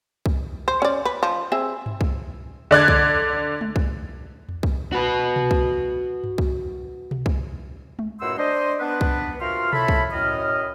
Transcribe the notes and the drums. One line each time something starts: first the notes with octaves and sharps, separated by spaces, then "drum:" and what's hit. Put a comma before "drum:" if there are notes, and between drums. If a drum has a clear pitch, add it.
drum: kick C2
C5
C#4 D5
B4
F3
C4 G#4 E5
drum: tom G2
drum: kick C2
D3 D5 F#6 G#6, drum: tom E2
drum: kick C2
drum: tom G#3
drum: kick C2
drum: tom E2
drum: kick C2
F#4 B4
drum: tom B2
drum: kick C2
drum: tom G2
drum: kick C2
drum: tom B2
drum: kick C2
drum: tom G#3
C#2 F#2 A2 F#5 C6 E6
D4 C5 D#5 C6
B3 D4 B4
drum: kick C2
C3 F4 F#4 A#4 C6 F6
E4 A4 C#5 E5 A5 B5, drum: tom B2
drum: kick C2
F#2 A2 D#5 F6